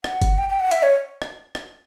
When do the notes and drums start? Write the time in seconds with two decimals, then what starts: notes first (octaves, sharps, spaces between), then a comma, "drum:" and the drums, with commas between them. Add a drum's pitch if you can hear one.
0.04 F#5, drum: rim click
0.22 drum: kick F#1, hi-hat
0.38 G5
0.49 G5
0.60 F#5
0.71 E5, drum: hi-hat
0.83 C#5
1.22 drum: rim click
1.55 drum: rim click